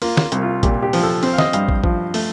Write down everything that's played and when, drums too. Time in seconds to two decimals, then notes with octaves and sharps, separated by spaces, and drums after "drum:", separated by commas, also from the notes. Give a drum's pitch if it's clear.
0.02 A#3 F4, drum: open hi-hat
0.17 drum: snare
0.32 C2, drum: hi-hat
0.42 F4
0.63 A#2 G4, drum: kick, hi-hat
0.83 G4
0.93 F3, drum: open hi-hat
1.03 A4
1.23 C4 C5, drum: open hi-hat
1.33 F5
1.38 D#5, drum: snare
1.53 G2 F5, drum: hi-hat
1.69 drum: kick
1.84 F3, drum: kick
2.14 A3, drum: open hi-hat